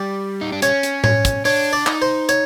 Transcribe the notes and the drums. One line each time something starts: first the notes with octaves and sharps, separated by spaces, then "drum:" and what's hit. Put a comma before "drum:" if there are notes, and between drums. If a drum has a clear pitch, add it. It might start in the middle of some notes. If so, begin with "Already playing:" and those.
Already playing: G3 D5
D#4
D4
C#4 C#5, drum: hi-hat
drum: hi-hat
C#5, drum: tom A2
drum: kick, hi-hat
D4 C#5, drum: open hi-hat
D5
D#4, drum: clap
C5
C#5, drum: hi-hat